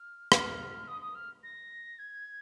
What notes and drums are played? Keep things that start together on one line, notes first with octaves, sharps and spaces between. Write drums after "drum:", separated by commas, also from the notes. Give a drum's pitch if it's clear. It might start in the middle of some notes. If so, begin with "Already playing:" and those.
Already playing: F6
F6, drum: rim click
D#6
D#6
F6
A#6
G#6